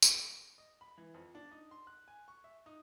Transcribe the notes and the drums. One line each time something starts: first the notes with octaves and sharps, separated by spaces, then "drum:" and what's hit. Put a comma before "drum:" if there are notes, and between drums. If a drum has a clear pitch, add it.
drum: tambourine
D#5
B5
E3
F2
D4
D#4
C6
F#6
G#5
C#6
E5
D#4